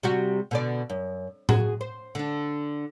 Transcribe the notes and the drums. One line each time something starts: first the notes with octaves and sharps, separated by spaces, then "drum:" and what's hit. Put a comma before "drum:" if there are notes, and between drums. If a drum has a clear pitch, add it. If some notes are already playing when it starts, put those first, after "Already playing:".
C3 G3 F#4
B2 D3 D5
F#2
F#4 G#4, drum: tom A2
C5
D3 D4